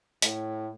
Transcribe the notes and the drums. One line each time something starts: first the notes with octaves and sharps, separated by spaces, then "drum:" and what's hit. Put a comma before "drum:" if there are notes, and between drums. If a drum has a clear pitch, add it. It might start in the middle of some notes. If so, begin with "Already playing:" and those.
A2, drum: hi-hat